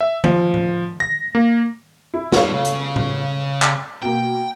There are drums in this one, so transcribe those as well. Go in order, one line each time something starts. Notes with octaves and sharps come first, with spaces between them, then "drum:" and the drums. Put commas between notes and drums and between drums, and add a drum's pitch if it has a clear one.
E5
F3, drum: tom D3
drum: tom A2
A#6
A#3
E4
G3 D#4 A4 C#5 F5, drum: snare
C#3
drum: hi-hat
drum: tom A2
drum: clap
B2 A#3 G5